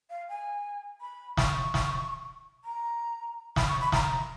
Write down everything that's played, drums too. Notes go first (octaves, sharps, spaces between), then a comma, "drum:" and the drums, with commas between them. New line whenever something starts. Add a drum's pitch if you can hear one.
F5
G#5
B5
C#6, drum: snare
drum: snare
A#5
B5, drum: snare
C#6
B5
A#5, drum: snare